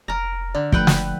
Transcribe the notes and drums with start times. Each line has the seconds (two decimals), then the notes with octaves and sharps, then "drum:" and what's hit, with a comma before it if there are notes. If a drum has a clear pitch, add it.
0.08 F1 A#4 A#5
0.55 D3 D5
0.72 F#1 F3 A3 B4 F#5 G5, drum: kick
0.87 drum: snare